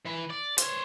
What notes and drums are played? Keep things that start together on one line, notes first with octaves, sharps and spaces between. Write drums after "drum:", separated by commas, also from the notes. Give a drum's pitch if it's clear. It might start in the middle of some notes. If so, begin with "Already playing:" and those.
E3 B4
D5
C5 C#5, drum: hi-hat